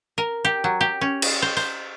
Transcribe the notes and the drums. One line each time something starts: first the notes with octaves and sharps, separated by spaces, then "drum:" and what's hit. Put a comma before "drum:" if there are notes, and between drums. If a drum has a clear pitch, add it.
A#4
G4
F#3
G4
C#4
drum: cymbal
C5
C5, drum: open hi-hat